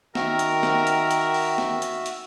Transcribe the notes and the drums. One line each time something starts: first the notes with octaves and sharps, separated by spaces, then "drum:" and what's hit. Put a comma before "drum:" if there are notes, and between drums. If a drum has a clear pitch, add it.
D#3 F#4 A#4 E5 G5, drum: snare
drum: hi-hat
drum: snare
drum: hi-hat
drum: hi-hat
drum: open hi-hat
drum: snare
drum: hi-hat
drum: hi-hat